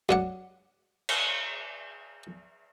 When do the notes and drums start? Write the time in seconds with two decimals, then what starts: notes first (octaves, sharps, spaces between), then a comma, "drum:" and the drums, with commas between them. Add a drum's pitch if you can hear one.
0.09 F#2 D4 F#5
1.09 drum: cymbal